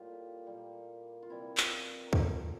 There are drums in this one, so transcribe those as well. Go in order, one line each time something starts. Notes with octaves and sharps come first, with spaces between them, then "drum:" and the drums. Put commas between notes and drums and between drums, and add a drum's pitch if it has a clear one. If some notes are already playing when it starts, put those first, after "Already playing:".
Already playing: A2 G3 A#3 F4 G4
A#2 G3 A#3
F4
C3 E3 G3 A#3 E4
F4, drum: clap
A#4
A#2 F3 A#3 A4, drum: kick